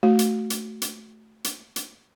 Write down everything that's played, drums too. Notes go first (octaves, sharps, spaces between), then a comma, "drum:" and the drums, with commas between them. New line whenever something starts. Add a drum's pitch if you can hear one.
A3 F#4
drum: hi-hat
drum: hi-hat
drum: hi-hat
drum: hi-hat
drum: hi-hat